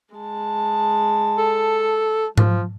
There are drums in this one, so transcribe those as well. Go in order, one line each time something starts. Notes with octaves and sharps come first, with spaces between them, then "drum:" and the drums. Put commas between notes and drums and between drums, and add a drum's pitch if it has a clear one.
G#3 A5
A4
F3, drum: tom G#2